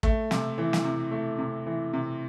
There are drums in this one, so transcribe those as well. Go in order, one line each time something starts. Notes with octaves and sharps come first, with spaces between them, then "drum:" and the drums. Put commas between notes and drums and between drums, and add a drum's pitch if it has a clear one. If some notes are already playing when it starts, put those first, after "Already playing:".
A3, drum: kick
C3, drum: snare
E3
drum: snare
C3
A3
C3
E3
C3